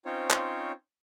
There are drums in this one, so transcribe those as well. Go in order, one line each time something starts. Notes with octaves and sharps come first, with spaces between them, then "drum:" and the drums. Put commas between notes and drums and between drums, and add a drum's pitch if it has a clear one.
C4 C#4 D#4 F4 C5 C#5
drum: clap